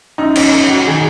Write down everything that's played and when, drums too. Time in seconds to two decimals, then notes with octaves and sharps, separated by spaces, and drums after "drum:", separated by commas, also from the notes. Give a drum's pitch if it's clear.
0.18 F#2 D#4
0.36 C#4, drum: cymbal
0.53 F#2 C#4
0.70 F#4
0.87 D#3 G#4